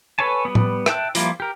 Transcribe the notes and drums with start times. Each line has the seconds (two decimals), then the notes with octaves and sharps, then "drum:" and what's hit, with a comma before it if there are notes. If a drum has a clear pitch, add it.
0.19 A4 B4 C#5 G#5 A5
0.45 G3 B3
0.55 drum: tom A2
0.86 E5 G5 A5 F#6, drum: rim click
1.15 F3 G3 A#3 E4 F4, drum: hi-hat
1.40 G4 A#4